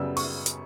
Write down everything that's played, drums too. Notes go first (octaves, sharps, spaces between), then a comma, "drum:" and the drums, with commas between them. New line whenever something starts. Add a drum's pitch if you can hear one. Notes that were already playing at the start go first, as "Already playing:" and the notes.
Already playing: F#2 C#3 G3 B3 E6
C#6, drum: open hi-hat
drum: hi-hat